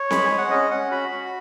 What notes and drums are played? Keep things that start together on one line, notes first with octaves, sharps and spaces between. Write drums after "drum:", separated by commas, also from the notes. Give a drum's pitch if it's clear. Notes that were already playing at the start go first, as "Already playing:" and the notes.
Already playing: C#5
G#3 B5, drum: snare C4
G#5
G#3
F#5
C#4 D#5
C#4 F#5
F#4 B5
F#4